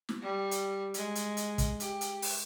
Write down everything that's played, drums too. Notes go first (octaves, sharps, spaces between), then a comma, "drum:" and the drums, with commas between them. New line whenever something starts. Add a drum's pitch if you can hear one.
drum: snare
G3
drum: hi-hat
G#3, drum: hi-hat
drum: hi-hat
drum: hi-hat
drum: kick, hi-hat
G4, drum: hi-hat
drum: hi-hat
drum: open hi-hat